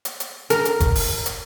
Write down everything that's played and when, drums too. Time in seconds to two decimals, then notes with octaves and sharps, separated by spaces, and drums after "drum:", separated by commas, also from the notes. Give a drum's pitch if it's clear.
0.05 drum: hi-hat
0.20 drum: hi-hat
0.50 A#4, drum: hi-hat
0.65 drum: hi-hat
0.80 drum: kick F1, hi-hat
0.95 drum: open hi-hat
1.26 drum: hi-hat